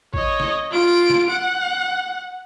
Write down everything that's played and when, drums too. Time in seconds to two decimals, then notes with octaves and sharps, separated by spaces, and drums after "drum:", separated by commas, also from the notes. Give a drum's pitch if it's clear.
0.14 C#5 D#5, drum: kick
0.40 drum: snare
0.71 F4 D7
1.10 drum: snare
1.30 F#5